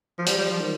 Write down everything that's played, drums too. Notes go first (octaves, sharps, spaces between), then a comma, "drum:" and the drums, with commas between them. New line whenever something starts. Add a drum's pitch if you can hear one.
F3
G3, drum: hi-hat
G3
F3
D#3